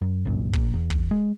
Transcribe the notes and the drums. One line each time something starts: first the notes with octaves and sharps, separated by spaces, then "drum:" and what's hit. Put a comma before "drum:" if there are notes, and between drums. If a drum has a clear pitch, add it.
F#2
G1 C2 F#2 A#2
A#1 A#2, drum: kick
E2
drum: kick
G#3